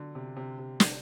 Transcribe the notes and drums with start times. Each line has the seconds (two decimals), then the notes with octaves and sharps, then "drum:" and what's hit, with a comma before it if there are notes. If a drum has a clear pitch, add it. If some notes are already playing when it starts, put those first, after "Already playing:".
Already playing: D3 F#3
0.15 C3
0.37 C3
0.59 C3
0.80 drum: snare